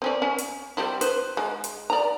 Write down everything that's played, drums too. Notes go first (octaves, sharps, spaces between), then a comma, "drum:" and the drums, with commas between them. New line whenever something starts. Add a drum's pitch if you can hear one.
C4 C#4 D5
C#4
drum: hi-hat
G3 C4 E4
B4 C5, drum: hi-hat
G#3
drum: hi-hat
D5 A#5